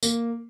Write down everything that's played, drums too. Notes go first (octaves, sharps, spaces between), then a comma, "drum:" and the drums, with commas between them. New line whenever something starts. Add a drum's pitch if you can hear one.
A#3, drum: tambourine